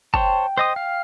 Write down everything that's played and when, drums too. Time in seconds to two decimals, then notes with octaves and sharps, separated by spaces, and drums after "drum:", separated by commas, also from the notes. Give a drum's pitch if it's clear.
0.14 C5 C#5 G5 A5, drum: kick
0.58 C5 D#5 D#6
0.76 F5